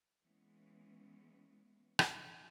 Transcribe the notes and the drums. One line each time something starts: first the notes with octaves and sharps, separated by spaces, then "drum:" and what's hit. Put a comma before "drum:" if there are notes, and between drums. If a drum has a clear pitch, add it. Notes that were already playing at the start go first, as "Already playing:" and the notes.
E3 G#3 A#3 B3 C#4
drum: rim click